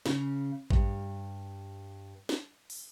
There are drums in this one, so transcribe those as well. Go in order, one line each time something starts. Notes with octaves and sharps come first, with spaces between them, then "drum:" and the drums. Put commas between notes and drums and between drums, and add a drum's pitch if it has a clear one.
C#3, drum: snare
G2, drum: kick A1
drum: snare
drum: open hi-hat